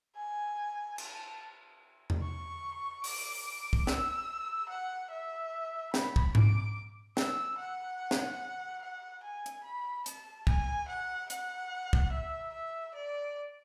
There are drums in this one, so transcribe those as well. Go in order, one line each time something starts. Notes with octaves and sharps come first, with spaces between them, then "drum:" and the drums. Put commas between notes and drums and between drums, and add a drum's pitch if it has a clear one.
G#5
A5, drum: cymbal
drum: tom E2
C#6
D6, drum: open hi-hat
drum: kick
E6, drum: snare
F#5
E5
B5, drum: snare
drum: kick
D6, drum: tom G#2
E6, drum: snare
F#5
drum: snare
F#5
G#5
drum: hi-hat
B5
A5, drum: hi-hat
G#5, drum: kick
F#5
F#5, drum: hi-hat
drum: kick
E5
E5
D5